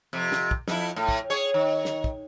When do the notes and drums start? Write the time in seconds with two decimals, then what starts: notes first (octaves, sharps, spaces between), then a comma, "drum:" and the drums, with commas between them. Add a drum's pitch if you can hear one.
0.13 F2 C3
0.32 drum: snare
0.51 drum: kick
0.68 F2 E4, drum: snare
0.96 A2
1.09 drum: kick
1.30 G#4 C#5
1.54 D#3
1.85 drum: snare
2.04 drum: kick